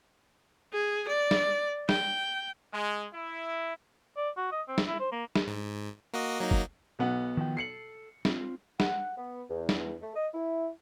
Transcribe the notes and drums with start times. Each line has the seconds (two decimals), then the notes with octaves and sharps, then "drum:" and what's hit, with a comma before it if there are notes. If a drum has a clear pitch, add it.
0.73 G#4
1.08 D5
1.31 drum: snare
1.89 G5, drum: snare
2.72 G#3
3.12 E4
4.17 D5
4.37 F#4
4.52 D#5
4.68 C4
4.78 drum: snare
4.87 E4
5.00 C5
5.12 A#3
5.36 drum: snare
5.47 G#2
6.14 A#3 F#4 D#5
6.40 F#3 A#3 D#4
6.51 drum: kick F#1
6.99 B1 B3 F#5
7.37 D#3 F3 G5
7.57 A4 C7 C#7 F#7
8.25 C4 F4, drum: snare
8.80 F#5, drum: snare
9.18 B3
9.50 E2
9.69 drum: snare
10.02 A3
10.16 D#5
10.34 E4